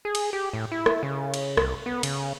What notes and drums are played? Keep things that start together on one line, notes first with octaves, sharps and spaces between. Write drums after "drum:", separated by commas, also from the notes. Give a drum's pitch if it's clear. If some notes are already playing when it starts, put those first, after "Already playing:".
G#4
drum: cymbal
G4
A2
E4
drum: rim click
C#3
drum: cymbal
C2, drum: rim click
B3
C#3, drum: cymbal